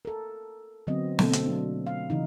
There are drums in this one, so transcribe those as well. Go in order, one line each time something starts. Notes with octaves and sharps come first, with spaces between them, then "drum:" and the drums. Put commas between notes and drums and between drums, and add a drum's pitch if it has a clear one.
A4 A#4
D3 F#3 B3 C4 D#5
B2 D3 A3 A#3 C4 A4, drum: snare
drum: hi-hat
F#3 D4
F5
C#3 E3 D#4